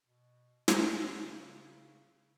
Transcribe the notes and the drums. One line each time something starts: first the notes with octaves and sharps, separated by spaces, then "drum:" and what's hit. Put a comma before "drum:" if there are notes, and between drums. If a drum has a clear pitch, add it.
B2
A2, drum: snare
C#3